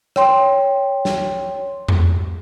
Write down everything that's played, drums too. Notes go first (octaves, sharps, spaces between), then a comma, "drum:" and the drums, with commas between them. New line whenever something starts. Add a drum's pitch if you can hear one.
C#5 G5 C6, drum: rim click
drum: snare
drum: tom E2